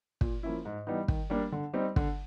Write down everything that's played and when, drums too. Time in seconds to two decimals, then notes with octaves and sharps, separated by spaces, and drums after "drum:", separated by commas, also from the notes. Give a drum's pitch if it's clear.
0.21 A#2, drum: kick
0.43 F3 A#3 C#4 E4
0.65 G#2
0.87 E3 G3 B3 D#4
1.08 D#3, drum: kick
1.30 G3 A#3 D4
1.52 D3
1.74 G3 C4 D#4
1.96 D3, drum: kick